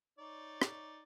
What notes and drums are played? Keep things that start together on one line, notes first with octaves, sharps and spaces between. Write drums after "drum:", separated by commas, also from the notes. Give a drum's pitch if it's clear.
D#4 C#5 D5
drum: rim click